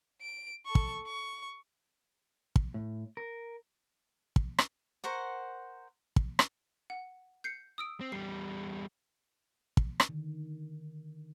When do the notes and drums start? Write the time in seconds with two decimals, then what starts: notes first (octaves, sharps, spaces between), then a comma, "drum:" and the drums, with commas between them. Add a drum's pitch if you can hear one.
0.22 D7
0.66 A4 C#6
0.75 drum: kick
1.07 C#6
2.56 drum: kick
2.74 A2
3.17 A#4
4.36 drum: kick
4.59 drum: rim click
5.04 A#4 C5 F#5 C#6
6.16 drum: kick
6.39 drum: rim click
6.90 F#5
7.44 G6 C7 C#7
7.78 D#6 E6 D7
8.01 C4
8.12 E2 G3 C7
9.77 drum: kick
10.00 drum: rim click
10.09 D3 D#3